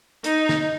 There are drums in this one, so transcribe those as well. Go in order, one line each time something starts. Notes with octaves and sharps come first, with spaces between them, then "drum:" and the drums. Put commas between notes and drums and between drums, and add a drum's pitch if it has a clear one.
D#4, drum: hi-hat
drum: snare